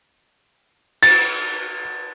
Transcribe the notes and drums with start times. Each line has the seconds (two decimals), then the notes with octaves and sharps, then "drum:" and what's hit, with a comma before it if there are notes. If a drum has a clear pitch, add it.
1.03 A6, drum: cymbal